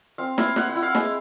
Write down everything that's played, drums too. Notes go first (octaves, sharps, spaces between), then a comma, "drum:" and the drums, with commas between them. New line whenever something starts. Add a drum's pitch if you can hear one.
C4 F5
E4 F5, drum: snare
E4 F#5, drum: snare
F#5
E4, drum: hi-hat
F5
G#3, drum: snare